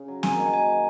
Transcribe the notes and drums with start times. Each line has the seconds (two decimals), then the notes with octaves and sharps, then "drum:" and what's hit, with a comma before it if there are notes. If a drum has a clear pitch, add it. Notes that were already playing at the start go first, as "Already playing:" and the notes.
Already playing: C#3
0.08 F#3
0.23 A#3 G#5, drum: snare
0.38 D#3 G#5
0.53 F#3 G#5
0.69 D#4